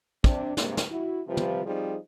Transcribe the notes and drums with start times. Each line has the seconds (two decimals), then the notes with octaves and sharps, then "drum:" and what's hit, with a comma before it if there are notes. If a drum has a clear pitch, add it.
0.24 C3 D4, drum: kick
0.57 G2 C3 G#3 A#3, drum: snare
0.77 drum: snare
0.90 E4 F#4
1.27 C3 F3 G3 F4 B4
1.37 drum: tom
1.65 F3 G3 C4 D#4 G#4